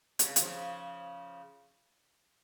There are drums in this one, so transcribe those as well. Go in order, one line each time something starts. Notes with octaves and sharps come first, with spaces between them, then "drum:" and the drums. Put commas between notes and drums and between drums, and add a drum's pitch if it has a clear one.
C#3, drum: hi-hat
D#3, drum: hi-hat
C#3 F3